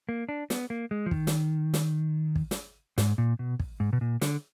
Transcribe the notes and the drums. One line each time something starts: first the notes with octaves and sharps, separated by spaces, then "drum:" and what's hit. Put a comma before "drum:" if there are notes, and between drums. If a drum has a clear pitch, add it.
A#3
D4
B3, drum: snare
A#3
G#3
F3
D#3, drum: kick
drum: snare
drum: snare
drum: kick
drum: snare
G#2, drum: snare
A#2
B2
drum: kick
G#2
B2
A#2
D3, drum: snare